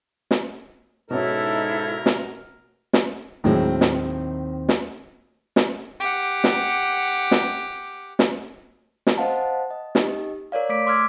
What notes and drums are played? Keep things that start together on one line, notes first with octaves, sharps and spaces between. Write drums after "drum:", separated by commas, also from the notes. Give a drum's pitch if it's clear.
drum: snare
G#2 B2 C#4 D#4 E4 A4 A#4
drum: snare
drum: snare
D#2 A2 D#3 F#3 G#3 C4
drum: snare
drum: snare
drum: snare
G4 F#5
drum: snare
drum: snare
drum: snare
drum: snare
C5 D#5 F5 F#5 A5
D#5
D#4 G4 D#5, drum: snare
A#4 C#5 D5 F5
A3 D6 B6 D7
C6 D6 E6 F6 G#6